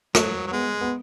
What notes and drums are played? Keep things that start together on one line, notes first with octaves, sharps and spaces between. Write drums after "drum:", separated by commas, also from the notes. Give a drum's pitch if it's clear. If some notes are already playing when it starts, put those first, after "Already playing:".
F#3 A3, drum: rim click
F#3
G#3 B3
B3